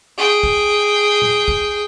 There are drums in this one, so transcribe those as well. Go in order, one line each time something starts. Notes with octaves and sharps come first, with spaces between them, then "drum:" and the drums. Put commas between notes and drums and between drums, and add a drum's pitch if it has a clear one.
G#4 G5
drum: kick
drum: tom A#2
drum: kick